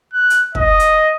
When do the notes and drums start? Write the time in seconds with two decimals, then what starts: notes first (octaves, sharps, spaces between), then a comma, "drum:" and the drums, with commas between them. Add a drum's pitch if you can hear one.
0.13 F#6
0.30 drum: hi-hat
0.55 D#5, drum: kick
0.80 drum: hi-hat